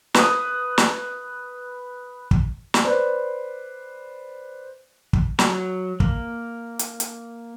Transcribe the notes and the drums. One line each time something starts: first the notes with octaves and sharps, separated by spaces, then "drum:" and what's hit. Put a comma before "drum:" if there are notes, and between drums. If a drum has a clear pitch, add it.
B4 D#6, drum: snare
drum: snare
drum: kick
drum: snare
B4 C5 D5
drum: kick
F#3, drum: snare
A#3, drum: kick
drum: hi-hat
drum: hi-hat